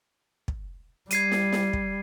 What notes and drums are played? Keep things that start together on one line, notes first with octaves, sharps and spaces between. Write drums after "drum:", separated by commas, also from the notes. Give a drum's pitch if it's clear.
drum: kick
G3 G#6 C7 D#7, drum: hi-hat
drum: snare
drum: snare
drum: kick